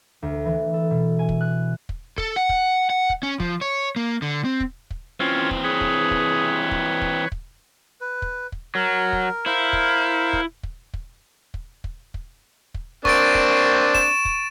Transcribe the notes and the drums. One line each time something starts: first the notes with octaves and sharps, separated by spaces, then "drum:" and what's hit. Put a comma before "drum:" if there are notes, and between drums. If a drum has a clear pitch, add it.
D2
E3
A4
B2
G#5
drum: kick
F#6
drum: kick
A4, drum: kick
F#5
drum: kick
F#5
drum: kick
C#4
F3, drum: kick
C#5
A#3
D3
C4
drum: kick
drum: kick
E3 C4 C#4 F4
drum: kick
G#4 B4 C#5
drum: kick
drum: kick
drum: kick
drum: kick
drum: kick
B4
drum: kick
drum: kick
F#3 A#4
drum: kick
E4 A#4 C5 F5
drum: kick
drum: kick
drum: kick
drum: kick
drum: kick
drum: kick
drum: kick
drum: kick
A#3 C4 D4 C#6 A6 D7, drum: kick
drum: kick
E7, drum: kick
drum: kick